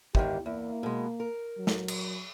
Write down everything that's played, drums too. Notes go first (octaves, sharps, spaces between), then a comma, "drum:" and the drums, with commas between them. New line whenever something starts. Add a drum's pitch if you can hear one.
E2 G#2 D#3 G4, drum: kick
E2 A#3
B2 G#3
A#4
F#3
drum: snare
drum: cymbal